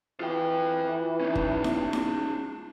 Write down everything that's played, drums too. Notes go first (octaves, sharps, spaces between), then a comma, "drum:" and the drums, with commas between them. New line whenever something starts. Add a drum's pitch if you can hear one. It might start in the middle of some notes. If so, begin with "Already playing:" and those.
E3 F4 G5
C#4 D#4
drum: kick
drum: snare E4
drum: snare E4